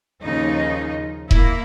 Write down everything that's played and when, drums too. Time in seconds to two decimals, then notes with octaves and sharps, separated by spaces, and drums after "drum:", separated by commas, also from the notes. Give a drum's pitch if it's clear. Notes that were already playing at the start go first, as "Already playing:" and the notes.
0.24 D#2 C#3 F3 D#4
1.31 A#3 E4, drum: kick E1